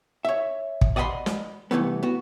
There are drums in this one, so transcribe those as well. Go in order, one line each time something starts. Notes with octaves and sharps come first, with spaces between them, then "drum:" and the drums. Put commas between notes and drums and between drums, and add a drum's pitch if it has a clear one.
C#5 E5
drum: kick
D5 D#5 F#5 G#5 B5 C6
drum: snare
C2 F#2 E3 A3 B3
B3 F#4